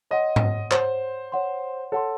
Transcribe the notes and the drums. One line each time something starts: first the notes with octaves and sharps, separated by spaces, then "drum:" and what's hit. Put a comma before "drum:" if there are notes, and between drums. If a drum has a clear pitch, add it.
C#5 D#5 F#5 C6
drum: tom G#2
C5 C#5 F#5 C6, drum: clap
C#5 F#5 C6
A4 C#5 F#5 C6